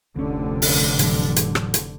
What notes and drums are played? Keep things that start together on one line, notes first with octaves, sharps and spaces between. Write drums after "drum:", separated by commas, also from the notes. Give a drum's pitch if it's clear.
F1 D2 D3 C#4
drum: open hi-hat
A2 E3 F#3, drum: hi-hat
drum: hi-hat
drum: rim click
drum: hi-hat